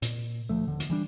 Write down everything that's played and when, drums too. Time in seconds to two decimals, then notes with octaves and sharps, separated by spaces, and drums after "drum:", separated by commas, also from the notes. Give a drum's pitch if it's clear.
0.02 A#2, drum: hi-hat
0.49 D2 F3 A3
0.67 D#1 D3
0.80 drum: hi-hat
0.90 E3 G3 D4